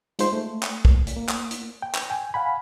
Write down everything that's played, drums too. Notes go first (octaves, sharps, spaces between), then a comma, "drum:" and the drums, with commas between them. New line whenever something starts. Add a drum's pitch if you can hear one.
G#3 D#4 F4 C5, drum: hi-hat
A3
drum: clap
drum: kick
drum: hi-hat
A#3
drum: clap
drum: hi-hat
G5
drum: clap
G5 G#5
F5 F#5 G#5 B5